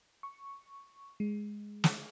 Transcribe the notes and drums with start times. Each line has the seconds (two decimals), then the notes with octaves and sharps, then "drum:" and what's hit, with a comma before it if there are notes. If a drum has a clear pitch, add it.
0.23 C#6
1.20 G#3
1.84 drum: snare